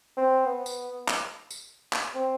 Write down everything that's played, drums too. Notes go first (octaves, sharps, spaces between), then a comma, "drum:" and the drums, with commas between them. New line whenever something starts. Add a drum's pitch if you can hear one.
C4
B3
drum: tambourine
drum: clap
drum: tambourine
drum: clap
C4